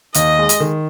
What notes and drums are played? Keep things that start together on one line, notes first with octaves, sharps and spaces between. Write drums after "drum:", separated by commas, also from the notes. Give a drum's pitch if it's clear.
D#2 D#5, drum: hi-hat
G#3
drum: hi-hat
D#3